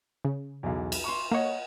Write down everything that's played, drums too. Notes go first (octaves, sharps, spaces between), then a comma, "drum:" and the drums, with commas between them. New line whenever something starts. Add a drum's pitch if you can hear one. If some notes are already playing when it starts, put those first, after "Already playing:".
C#3
B1 E2
drum: cymbal
C6 C#6
A#3 C#5 D#5 F#5